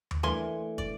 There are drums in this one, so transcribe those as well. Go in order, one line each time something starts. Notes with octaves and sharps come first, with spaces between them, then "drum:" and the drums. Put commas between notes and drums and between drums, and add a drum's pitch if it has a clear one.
drum: tom D#2
E3 A3 A#3 D4 G#5 C6
D5, drum: kick